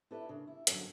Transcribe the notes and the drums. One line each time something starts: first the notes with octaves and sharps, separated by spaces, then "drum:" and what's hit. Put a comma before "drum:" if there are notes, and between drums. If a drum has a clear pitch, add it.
E4 G4 A4 B4 D5 E5
C#3 A#3 D4
E4
E2 G2 D3 F#3 C#4 F5, drum: hi-hat